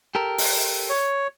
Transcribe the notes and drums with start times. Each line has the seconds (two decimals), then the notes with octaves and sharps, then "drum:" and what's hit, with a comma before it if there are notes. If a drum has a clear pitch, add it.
0.15 G4 A4 A#4
0.38 drum: open hi-hat
0.89 C#5